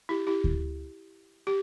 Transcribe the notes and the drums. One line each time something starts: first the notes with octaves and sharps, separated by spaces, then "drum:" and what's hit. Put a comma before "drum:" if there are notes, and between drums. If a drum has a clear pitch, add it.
E4 G4
E4 G4
drum: kick D2
G4